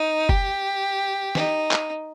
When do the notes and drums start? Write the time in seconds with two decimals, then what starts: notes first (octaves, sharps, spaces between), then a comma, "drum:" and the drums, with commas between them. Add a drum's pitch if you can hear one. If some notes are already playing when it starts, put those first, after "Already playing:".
Already playing: D#4
0.29 G4, drum: kick F#1
1.35 D#4, drum: snare
1.71 drum: clap